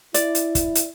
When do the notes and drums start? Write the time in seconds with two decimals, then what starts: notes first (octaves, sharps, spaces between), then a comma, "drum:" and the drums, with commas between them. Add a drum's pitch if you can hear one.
0.14 E4 D5, drum: hi-hat
0.35 drum: hi-hat
0.55 drum: kick, hi-hat
0.75 drum: hi-hat